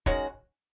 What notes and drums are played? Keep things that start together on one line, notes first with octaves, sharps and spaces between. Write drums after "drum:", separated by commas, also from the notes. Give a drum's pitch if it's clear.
D#3 G#3 C#4 F#4, drum: kick